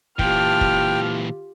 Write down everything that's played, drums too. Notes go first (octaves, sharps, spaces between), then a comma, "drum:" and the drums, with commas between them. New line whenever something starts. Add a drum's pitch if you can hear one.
A#2 E3 F4 G4 G5 A5 F6, drum: kick
drum: kick